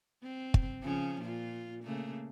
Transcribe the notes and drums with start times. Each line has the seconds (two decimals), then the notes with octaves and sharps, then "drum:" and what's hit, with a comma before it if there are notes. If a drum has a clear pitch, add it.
0.23 C4
0.54 drum: kick
0.83 C#3 F3 C#4
1.21 A#2 F4
1.84 C#3 A3 A#3